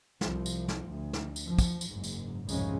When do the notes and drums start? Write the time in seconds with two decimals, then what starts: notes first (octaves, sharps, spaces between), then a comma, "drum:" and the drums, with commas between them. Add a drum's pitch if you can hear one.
0.21 C2 F3, drum: snare
0.46 drum: tambourine
0.68 drum: snare
0.88 D2
1.13 drum: snare
1.36 drum: tambourine
1.45 F3
1.58 drum: kick, tambourine
1.81 drum: tambourine
1.91 F#1 G#2
2.04 drum: tambourine
2.49 C2 F2 G#2 C#3 G#3 C#4, drum: tambourine